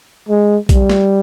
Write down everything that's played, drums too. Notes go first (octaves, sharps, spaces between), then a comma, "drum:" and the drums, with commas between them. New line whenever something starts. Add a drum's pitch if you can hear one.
G#3
G3, drum: kick A#1, hi-hat
drum: snare